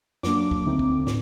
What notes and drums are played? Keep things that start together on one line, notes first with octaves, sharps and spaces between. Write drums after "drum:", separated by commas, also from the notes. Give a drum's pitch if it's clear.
F#2 F#3 A#3 D4 D6, drum: snare
drum: kick
D#2 D3 A3 C4 D#4
drum: kick
A2, drum: snare